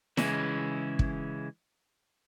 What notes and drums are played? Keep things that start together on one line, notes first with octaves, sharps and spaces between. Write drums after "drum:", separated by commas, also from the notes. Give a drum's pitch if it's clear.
C#3 E3 G#3 C#4 E4, drum: snare E4
drum: kick